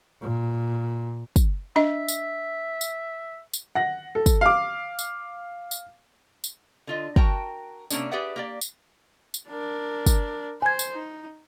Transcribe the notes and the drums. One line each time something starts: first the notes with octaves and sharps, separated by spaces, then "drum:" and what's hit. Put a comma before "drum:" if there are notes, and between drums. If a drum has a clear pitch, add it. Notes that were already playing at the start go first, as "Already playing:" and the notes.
A#2
drum: kick, tambourine
D4 D#5 E5
drum: tambourine
drum: tambourine
drum: tambourine
F#5 A#6
A4
drum: kick, tambourine
F5 D6
drum: tambourine
drum: tambourine
drum: tambourine
D3 F4 D#5
F#4 A#4 G5 A5 A#5, drum: kick
C3 F#3 A#3 C#4 D4, drum: tambourine
G4 G#4 B4 D5 E5 F#5
A#3 G4 D5
drum: tambourine
drum: tambourine
D4 A#4
drum: kick, tambourine
C5 G#5 G#6
drum: tambourine
D#4